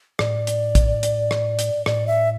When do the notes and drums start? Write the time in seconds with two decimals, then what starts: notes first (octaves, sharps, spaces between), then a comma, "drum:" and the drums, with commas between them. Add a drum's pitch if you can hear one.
0.19 A2 D5, drum: rim click
0.47 drum: hi-hat
0.75 drum: kick, hi-hat
1.03 drum: hi-hat
1.31 drum: rim click
1.59 drum: hi-hat
1.86 A2 D5, drum: rim click
2.07 E5